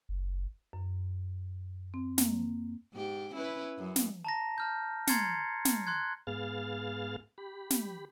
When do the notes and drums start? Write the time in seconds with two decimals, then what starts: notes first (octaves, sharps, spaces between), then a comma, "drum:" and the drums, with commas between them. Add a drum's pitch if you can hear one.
0.09 F#1
0.73 F#2
1.94 C4
2.18 A#3, drum: snare
2.93 G#2 G4
3.34 C#4 E4 B4
3.78 F#2
3.96 drum: snare
4.25 A5 A#5 A#6
4.58 A5 F6 G6
5.07 A#5 C6 G#6 A6 C7 C#7, drum: snare
5.65 drum: snare
5.87 C6 F#6 G#6
6.27 G#2 B3 G#4 F5 F6 A6
7.38 G4 B5
7.70 drum: snare